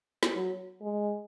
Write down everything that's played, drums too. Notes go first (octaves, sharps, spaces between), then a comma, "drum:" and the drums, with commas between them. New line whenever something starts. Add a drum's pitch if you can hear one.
drum: snare
F#3
G#3